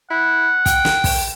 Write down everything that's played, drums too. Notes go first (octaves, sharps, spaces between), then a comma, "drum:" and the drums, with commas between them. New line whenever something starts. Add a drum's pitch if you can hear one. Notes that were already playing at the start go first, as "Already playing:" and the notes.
E4 F#5
G5, drum: kick, hi-hat
drum: snare
drum: kick, open hi-hat